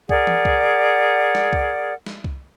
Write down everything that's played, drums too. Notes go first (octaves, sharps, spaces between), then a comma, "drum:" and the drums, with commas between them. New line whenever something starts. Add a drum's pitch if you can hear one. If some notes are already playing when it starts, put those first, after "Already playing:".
G#4 A#4 D5 F#5, drum: kick C2
drum: tom E3
drum: kick C2
drum: snare
drum: kick C2
drum: snare
drum: kick C2